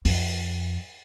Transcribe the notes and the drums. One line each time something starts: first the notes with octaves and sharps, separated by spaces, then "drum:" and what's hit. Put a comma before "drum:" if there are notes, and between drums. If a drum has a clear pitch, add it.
F2, drum: open hi-hat